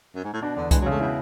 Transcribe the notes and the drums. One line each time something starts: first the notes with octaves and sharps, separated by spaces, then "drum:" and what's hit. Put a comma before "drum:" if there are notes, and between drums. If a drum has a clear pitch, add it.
F#2
G#2
A2
B2 D4
E2 D3
E3 G#3, drum: kick C2, hi-hat
F#3
C#3 A3
B2 E4